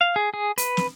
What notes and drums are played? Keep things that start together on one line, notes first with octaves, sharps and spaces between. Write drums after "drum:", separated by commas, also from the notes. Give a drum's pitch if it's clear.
F5
G#4
G#4
B4, drum: hi-hat
drum: snare